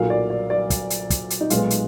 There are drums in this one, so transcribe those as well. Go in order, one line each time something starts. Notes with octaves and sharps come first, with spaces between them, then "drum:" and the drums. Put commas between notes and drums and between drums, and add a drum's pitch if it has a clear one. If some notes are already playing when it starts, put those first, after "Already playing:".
Already playing: B1 A#2 F#3 A#3 F5
D5
D5
D5
drum: kick, hi-hat
drum: hi-hat
drum: kick, hi-hat
drum: hi-hat
D#4
B1 A#2 G#3 B3 F4, drum: hi-hat
drum: hi-hat